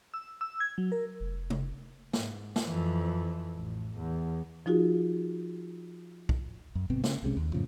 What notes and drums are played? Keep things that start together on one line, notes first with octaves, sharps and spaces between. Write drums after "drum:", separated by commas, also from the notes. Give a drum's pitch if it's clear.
E6
E6
G#6
F#3
A#4
F1
drum: tom C3
G#2, drum: snare
drum: snare
F2 E3
A1
E2
F3 D#4 F4 F#4 G#4
drum: kick
F#2
G1 B2 C4
C#3, drum: snare
B1 C3 G#3 C#4
D#2
F#2 A2 C#3 F3